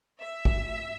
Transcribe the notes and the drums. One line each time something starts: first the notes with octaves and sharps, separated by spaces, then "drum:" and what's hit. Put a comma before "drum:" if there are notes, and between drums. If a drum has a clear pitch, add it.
E5
drum: kick